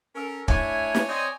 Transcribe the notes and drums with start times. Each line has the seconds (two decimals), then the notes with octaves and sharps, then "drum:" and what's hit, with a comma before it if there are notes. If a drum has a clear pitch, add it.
0.16 C#4 A4 A#4
0.48 A3 D4 E4 C#5 G#5, drum: kick
0.95 drum: snare
1.09 C4 D5 D#5